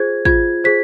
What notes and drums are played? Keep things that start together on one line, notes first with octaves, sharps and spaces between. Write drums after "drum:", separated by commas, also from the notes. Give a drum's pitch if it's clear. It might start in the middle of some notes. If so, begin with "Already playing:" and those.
Already playing: F4 G#4 C5 G#6
F4 G#6, drum: kick
G#4 C5 B6